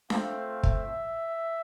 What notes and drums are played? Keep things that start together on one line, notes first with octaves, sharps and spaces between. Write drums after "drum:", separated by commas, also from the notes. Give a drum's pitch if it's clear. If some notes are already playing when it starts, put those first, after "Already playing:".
A3 C4 F4 F5, drum: snare D4
E5, drum: kick